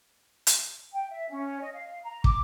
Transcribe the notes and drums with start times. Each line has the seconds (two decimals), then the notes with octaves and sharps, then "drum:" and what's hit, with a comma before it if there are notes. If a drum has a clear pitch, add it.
0.47 drum: hi-hat
0.92 G5
1.09 E5
1.30 C#4
1.61 D#5
1.74 F5
2.03 A#5
2.24 D6, drum: kick